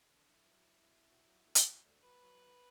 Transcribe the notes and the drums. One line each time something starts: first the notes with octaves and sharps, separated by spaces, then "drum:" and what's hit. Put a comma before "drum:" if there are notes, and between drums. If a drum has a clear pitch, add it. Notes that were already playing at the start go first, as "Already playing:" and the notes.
Already playing: E2
D3
F#3 E4
F#3
G2
B2
B2
F#3
D2
drum: hi-hat
F#3
D2
F#3 B4
F#3
D3